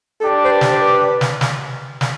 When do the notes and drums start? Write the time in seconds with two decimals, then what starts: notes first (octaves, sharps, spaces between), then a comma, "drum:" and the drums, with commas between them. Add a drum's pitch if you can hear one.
0.21 D4 G4 A4 D5
0.45 C5
0.52 B4
0.61 drum: snare
0.71 C5
0.81 B4
1.21 drum: snare
1.41 drum: snare
2.01 drum: snare